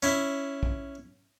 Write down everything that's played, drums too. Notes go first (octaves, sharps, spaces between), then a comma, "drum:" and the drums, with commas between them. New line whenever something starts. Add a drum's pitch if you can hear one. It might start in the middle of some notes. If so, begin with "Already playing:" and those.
C#4 E4
drum: kick